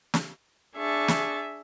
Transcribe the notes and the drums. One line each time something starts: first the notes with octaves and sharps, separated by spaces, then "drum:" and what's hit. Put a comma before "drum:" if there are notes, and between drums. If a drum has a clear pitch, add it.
drum: snare
D4 G#4 E5 C#6 A6
drum: snare